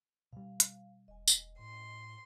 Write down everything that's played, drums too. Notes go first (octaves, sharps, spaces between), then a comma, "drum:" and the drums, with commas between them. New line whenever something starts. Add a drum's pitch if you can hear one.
B2 G3 F5
drum: hi-hat
E1 D#5 G#5
drum: tambourine
A2 C6